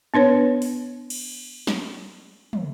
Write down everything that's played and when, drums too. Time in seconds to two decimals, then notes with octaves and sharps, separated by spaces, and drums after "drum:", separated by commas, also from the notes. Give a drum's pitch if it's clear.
0.14 B3 D4 B4 C#5
0.62 drum: open hi-hat
1.10 drum: cymbal
1.67 drum: snare
2.53 drum: tom